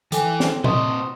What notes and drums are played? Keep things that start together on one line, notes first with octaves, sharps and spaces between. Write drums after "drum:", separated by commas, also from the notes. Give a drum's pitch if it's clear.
E3 A4 G5 G#5 D6, drum: hi-hat
drum: snare
C3 D#5 C6 D#6, drum: tom A#2